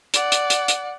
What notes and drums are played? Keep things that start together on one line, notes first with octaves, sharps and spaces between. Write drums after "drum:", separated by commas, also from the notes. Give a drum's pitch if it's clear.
D5 F#5, drum: hi-hat
drum: hi-hat
drum: hi-hat
drum: hi-hat